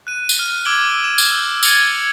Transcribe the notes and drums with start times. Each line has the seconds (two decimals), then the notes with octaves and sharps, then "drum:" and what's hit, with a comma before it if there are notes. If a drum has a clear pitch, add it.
0.07 F#6 D#7
0.29 drum: tambourine
0.39 F6 D#7
0.65 D6 E6 G#6 D7 F#7 G7
1.04 E7
1.18 drum: tambourine
1.31 E6 G6
1.63 G#6 A6 C#7 D#7 F7 F#7, drum: tambourine